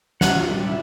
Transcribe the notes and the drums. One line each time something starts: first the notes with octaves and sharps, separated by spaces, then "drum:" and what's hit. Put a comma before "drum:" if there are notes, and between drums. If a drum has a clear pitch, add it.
F#5, drum: snare
F4
G3
E4